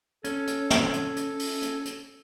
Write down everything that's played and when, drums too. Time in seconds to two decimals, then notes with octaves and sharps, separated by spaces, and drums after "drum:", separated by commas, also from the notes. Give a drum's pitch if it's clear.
0.24 C#4 A4, drum: hi-hat
0.47 drum: hi-hat
0.70 drum: snare
0.93 drum: hi-hat
1.16 drum: hi-hat
1.39 drum: open hi-hat
1.62 drum: hi-hat
1.85 drum: hi-hat